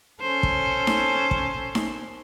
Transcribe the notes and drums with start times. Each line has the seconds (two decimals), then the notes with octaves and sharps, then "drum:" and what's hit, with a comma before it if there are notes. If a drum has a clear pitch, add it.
0.21 C#4 A4 C5
0.43 drum: kick
0.87 drum: snare D#4
1.31 drum: kick
1.75 drum: snare D#4